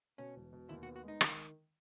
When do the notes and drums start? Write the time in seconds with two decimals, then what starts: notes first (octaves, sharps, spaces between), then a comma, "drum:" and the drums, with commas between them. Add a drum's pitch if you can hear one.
0.18 B2 C#4
0.36 E1
0.53 B2
0.69 D#2 E4
0.83 F#4
0.87 B3
0.96 F#4
1.04 G#3 D#4
1.21 D#3, drum: rim click